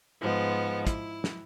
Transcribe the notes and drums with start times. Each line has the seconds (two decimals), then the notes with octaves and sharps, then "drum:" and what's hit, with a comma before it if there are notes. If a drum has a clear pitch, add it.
0.20 G#2 F3 G#3 B3
0.87 E4, drum: kick, hi-hat
1.24 drum: snare